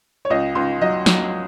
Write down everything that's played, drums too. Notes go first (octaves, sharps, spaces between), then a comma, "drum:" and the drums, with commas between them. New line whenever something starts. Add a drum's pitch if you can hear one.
C#5
C#2 D#5
C#2 C6
F#3 D#5
F#3, drum: snare